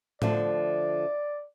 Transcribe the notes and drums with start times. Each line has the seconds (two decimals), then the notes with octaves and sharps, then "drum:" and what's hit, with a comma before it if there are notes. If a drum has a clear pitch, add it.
0.22 D3 F3 A3 D5, drum: tom A2